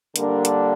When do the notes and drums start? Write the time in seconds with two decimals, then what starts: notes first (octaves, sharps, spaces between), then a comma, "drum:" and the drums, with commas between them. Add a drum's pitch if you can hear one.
0.16 D3 G3 A#3 D4 A#4, drum: hi-hat
0.45 drum: hi-hat